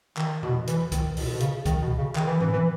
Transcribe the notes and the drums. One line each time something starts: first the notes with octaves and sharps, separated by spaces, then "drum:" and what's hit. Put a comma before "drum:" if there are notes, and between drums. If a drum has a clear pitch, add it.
D#3, drum: clap
B2, drum: tom E2
E3, drum: hi-hat
D#3, drum: kick C2, hi-hat
B2, drum: open hi-hat
B2
C#3, drum: hi-hat
D#3, drum: kick C2, hi-hat
B2
C#3
D#3, drum: clap
E3
E3, drum: tom G#2
E3